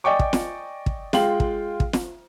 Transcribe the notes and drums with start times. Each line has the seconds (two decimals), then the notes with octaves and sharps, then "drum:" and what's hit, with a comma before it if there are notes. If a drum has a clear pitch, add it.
0.04 D5 D#5 G5 G#5 C#6 D6
0.19 drum: kick
0.33 drum: snare
0.86 drum: kick
1.13 G#3 F4 G5 F#7, drum: snare
1.40 drum: kick
1.80 drum: kick
1.93 drum: snare